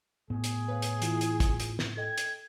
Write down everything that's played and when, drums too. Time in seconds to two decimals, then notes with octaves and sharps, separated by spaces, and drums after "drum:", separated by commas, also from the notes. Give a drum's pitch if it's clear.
0.30 A2 B3 G#4
0.44 drum: hi-hat
0.68 B4 C#5 F5
0.82 drum: hi-hat
1.02 E3 E4 F4, drum: hi-hat
1.21 drum: hi-hat
1.40 drum: kick, hi-hat
1.60 drum: hi-hat
1.79 drum: snare
1.97 A4 D#5 G5 G#6
2.18 drum: hi-hat